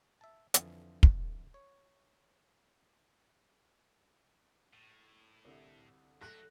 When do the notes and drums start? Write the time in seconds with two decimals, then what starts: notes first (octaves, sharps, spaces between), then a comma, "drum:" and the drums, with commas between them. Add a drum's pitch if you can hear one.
0.21 E5 A5
0.54 F2 D3 E3 F3, drum: hi-hat
1.03 drum: kick
1.54 C#5
4.74 A2
5.45 C2 D3 E5
6.21 F#3 G3 A3 F#6 A#6